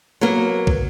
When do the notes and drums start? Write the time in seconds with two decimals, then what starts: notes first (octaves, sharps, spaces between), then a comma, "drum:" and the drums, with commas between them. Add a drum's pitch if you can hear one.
0.21 F#3 A#3 B3 A#4
0.67 drum: kick